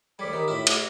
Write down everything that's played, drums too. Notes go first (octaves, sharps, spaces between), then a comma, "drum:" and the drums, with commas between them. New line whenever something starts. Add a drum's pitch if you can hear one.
D2 G3 G#4 A4 C#5 B5 D6
D#3 D#4 G4
A2 E4 F4 E5 C6
A3 G4 G#4, drum: cymbal